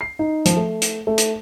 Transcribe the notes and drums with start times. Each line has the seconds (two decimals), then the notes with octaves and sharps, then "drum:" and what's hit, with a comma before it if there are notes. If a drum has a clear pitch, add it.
0.01 C7
0.19 D#4
0.45 F3, drum: hi-hat
0.57 A3
0.82 drum: hi-hat
1.07 A3
1.18 drum: hi-hat